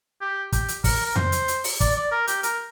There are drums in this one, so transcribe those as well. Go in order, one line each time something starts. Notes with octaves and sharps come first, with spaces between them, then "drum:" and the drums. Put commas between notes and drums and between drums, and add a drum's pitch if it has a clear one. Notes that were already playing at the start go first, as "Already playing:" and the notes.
G4
G4, drum: kick, hi-hat
drum: hi-hat
A#4, drum: kick, open hi-hat
A#4
C5, drum: tom F2
drum: hi-hat
drum: hi-hat
drum: open hi-hat
D5, drum: kick, hi-hat
D5
A#4
G4, drum: hi-hat
A#4, drum: hi-hat